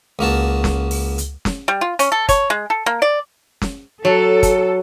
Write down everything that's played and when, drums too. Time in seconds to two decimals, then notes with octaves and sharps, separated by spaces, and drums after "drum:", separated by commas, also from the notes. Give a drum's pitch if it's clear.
0.19 C#2 A#3 F#4 A5
0.64 drum: snare
0.91 drum: open hi-hat
1.18 drum: hi-hat
1.45 drum: snare
1.68 G3
1.81 F4
1.99 C#4, drum: hi-hat
2.12 A4
2.29 C#5, drum: kick, hi-hat
2.50 G#3
2.70 A4
2.86 A#3
3.02 D5
3.62 drum: snare
4.05 F#3 A4
4.43 drum: kick, hi-hat